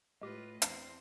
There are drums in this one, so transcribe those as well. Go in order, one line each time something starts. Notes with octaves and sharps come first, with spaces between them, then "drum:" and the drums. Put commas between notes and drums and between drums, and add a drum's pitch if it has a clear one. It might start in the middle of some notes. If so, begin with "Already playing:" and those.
A2 G#3 F4 G4 B4 D#5
E2 C4 C5, drum: hi-hat